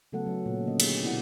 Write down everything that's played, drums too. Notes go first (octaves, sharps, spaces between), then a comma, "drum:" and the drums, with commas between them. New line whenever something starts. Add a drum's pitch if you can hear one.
C#3 F#3 A3 B3 A4 F#5
F#3 C#4
A#2 C#3 A3
D3 A#3 C#4 D#5
B3 D#4 G4 G#4, drum: cymbal
B2 B3 E4 D5 F#5